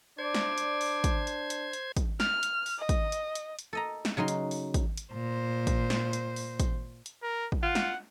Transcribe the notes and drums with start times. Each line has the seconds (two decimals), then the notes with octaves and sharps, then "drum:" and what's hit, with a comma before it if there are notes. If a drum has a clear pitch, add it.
0.18 D4 C5 D5 G#6
0.34 drum: snare
0.58 drum: hi-hat
0.81 drum: open hi-hat
1.04 drum: kick, hi-hat
1.27 drum: hi-hat
1.50 drum: hi-hat
1.73 drum: hi-hat
1.97 drum: kick, hi-hat
2.20 F6, drum: snare
2.43 drum: hi-hat
2.66 drum: open hi-hat
2.79 D#5
2.89 drum: kick, hi-hat
3.12 drum: hi-hat
3.35 drum: hi-hat
3.59 drum: hi-hat
3.73 A4 D#5 A#5
4.05 drum: snare
4.17 C#3 F#3 D#4 C6
4.28 drum: hi-hat
4.51 drum: open hi-hat
4.74 drum: kick, hi-hat
4.97 drum: hi-hat
5.13 A#2 C5
5.67 drum: kick, hi-hat
5.90 drum: snare
6.13 drum: hi-hat
6.36 drum: open hi-hat
6.60 drum: kick, hi-hat
7.06 drum: hi-hat
7.23 A#4
7.52 drum: kick
7.63 F4 F#5
7.75 drum: snare